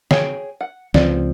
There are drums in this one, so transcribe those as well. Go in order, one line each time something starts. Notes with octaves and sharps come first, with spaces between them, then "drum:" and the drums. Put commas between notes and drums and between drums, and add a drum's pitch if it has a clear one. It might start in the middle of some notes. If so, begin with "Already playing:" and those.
G#4 C#5 G5, drum: snare
F#5
C#2 F3 C4 D5, drum: snare